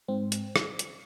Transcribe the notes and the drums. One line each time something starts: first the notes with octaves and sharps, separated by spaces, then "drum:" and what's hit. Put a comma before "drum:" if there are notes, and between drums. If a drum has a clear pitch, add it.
G#2 C4
drum: hi-hat
drum: rim click
drum: hi-hat